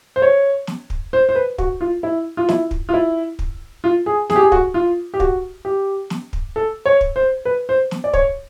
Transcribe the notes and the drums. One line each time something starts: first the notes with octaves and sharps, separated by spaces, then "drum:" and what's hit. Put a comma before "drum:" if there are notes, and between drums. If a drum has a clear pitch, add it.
C5
C#5
drum: snare
drum: kick
C5
C5
B4
F#4, drum: kick
F4
E4
F4
E4, drum: snare
drum: kick
F4
E4
drum: kick
F4
G#4
G#4, drum: snare
G4
G#4
F#4, drum: kick
F4
G4
F#4, drum: kick
G4
drum: snare
drum: kick
A4
C#5
drum: kick
C5
B4
C5
drum: snare
D5
C#5, drum: kick